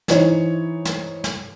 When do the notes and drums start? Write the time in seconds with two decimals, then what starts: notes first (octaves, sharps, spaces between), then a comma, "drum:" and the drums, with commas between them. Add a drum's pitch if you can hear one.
0.08 E3 D#4 C5 C#5, drum: snare
0.85 drum: snare
1.24 drum: snare